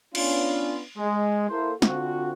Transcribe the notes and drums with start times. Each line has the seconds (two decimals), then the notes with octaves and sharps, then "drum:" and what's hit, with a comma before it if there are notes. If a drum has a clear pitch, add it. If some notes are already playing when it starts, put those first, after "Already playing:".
0.15 B3 C#4 D4 F4, drum: cymbal
0.98 G#3
1.50 A#3 E4 A4 C5
1.82 D3 C4 F4 F#4, drum: snare